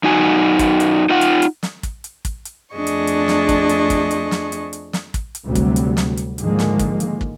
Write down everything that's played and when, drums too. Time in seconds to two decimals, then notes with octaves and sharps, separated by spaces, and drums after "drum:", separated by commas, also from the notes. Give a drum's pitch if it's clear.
0.03 F#2 D#4 F#4 G#5
0.59 drum: kick, hi-hat
0.80 drum: hi-hat
1.09 D#4 F4 F#5
1.21 drum: hi-hat
1.42 drum: hi-hat
1.63 drum: snare
1.83 drum: kick, hi-hat
2.04 drum: hi-hat
2.25 drum: kick, hi-hat
2.45 drum: hi-hat
2.74 F2 A3 D4 G#4 D#5 C#6
2.87 drum: hi-hat
3.07 drum: hi-hat
3.28 drum: snare
3.49 drum: kick, hi-hat
3.69 drum: hi-hat
3.90 drum: kick, hi-hat
4.11 drum: hi-hat
4.31 drum: snare
4.52 drum: hi-hat
4.73 drum: hi-hat
4.93 drum: snare
5.14 drum: kick, hi-hat
5.35 drum: hi-hat
5.46 D2 C3 F#3 G3
5.55 drum: kick, hi-hat
5.76 drum: hi-hat
5.97 drum: snare
6.17 drum: hi-hat
6.38 G#2 D3 D#3 F3 G#3 A#3, drum: hi-hat
6.59 drum: snare
6.79 drum: kick, hi-hat
7.00 drum: hi-hat
7.21 drum: kick